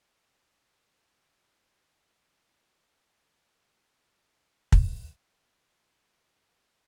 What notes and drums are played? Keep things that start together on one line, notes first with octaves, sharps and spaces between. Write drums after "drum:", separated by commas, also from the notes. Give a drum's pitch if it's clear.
G4
G4
F4
E4
F4
D4
E4
F4
D5
C5
drum: kick
G4
E4